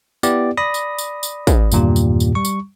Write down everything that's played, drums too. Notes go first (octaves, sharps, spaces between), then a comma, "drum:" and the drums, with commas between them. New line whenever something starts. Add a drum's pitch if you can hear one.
B3 E4 G4 D5, drum: tambourine
D5 B5 D#6 A#6
drum: tambourine
drum: tambourine
drum: tambourine
drum: kick, tambourine
E2 G2 A#2 D#3 G4, drum: tambourine
drum: tambourine
drum: tambourine
G3 C#6
drum: tambourine